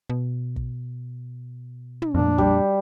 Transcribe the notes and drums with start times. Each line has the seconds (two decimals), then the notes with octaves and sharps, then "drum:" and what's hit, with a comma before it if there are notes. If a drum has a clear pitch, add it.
0.10 B2
0.56 drum: kick
2.02 drum: tom
2.14 F2 A#2 D4
2.38 G3, drum: kick